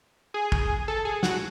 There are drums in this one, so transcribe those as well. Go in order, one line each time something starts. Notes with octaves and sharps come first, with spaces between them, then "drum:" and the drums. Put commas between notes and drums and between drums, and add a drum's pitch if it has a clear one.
G#4
drum: kick
A4
G#4
F#4, drum: snare